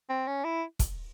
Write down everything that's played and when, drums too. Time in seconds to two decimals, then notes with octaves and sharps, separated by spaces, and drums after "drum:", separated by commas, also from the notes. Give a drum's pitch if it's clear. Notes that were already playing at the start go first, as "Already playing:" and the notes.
0.09 C4
0.27 C#4
0.44 E4
0.79 drum: kick, hi-hat